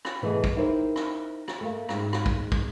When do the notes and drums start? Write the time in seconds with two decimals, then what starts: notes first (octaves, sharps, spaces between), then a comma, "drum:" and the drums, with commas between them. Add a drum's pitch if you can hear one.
0.05 drum: rim click
0.22 B2 E3 A3 G#4 D#5
0.44 drum: kick
0.56 D#4 E4 G4 A#4 C5
0.96 drum: rim click
1.48 drum: rim click
1.61 A3 A#3
1.89 G#2 G#3, drum: rim click
2.13 drum: rim click
2.26 drum: kick
2.52 drum: kick